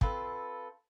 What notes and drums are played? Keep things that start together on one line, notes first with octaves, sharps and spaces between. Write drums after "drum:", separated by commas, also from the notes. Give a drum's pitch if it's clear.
C4 F4 A4 B4, drum: kick